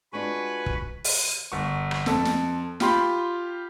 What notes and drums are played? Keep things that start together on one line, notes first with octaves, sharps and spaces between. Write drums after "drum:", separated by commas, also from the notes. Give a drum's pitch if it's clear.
G#3 D4 F4 F#4 B4 G#5 C#6
drum: kick
drum: open hi-hat
G1 C#6
drum: rim click
F2 A4, drum: snare
drum: snare
F4 G4 B5 C6, drum: snare